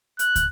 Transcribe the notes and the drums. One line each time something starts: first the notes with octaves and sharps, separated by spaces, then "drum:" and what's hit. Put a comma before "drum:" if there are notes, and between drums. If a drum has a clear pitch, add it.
F#6, drum: hi-hat
drum: kick, hi-hat